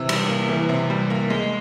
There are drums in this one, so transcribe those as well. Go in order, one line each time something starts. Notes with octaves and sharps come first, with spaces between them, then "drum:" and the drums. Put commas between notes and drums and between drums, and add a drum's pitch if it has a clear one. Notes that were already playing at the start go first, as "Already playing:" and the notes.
Already playing: C3 E3 E6
G3, drum: cymbal
A#3
E3
C3
G3
A#3
G#3